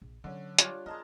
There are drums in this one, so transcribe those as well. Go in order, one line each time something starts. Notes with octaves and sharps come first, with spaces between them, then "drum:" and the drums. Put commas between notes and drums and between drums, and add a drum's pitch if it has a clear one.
A#1
D3 F#3 C#4
G3 D4 F4 C#5 D6 F#6, drum: hi-hat
G#3 D4 A#4 D#5 A5